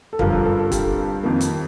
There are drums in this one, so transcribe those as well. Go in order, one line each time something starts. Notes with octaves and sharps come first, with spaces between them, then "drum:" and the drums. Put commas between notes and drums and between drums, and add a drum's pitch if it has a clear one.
A4
G2 D3 F3 A#4, drum: kick
A4
A#4
A4
A4
G4, drum: kick, hi-hat
F2 D#3 A#3
drum: hi-hat